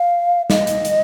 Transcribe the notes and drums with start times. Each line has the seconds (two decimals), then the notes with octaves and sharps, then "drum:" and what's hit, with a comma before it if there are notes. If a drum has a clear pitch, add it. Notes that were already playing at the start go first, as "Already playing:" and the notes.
Already playing: F5
0.50 D#5, drum: snare
0.67 drum: hi-hat
0.85 drum: hi-hat